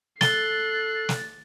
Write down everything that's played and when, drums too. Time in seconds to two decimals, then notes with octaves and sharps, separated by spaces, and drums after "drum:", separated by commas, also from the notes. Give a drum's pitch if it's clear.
0.21 A4 F#6 A6 C7 G7, drum: snare
1.09 drum: snare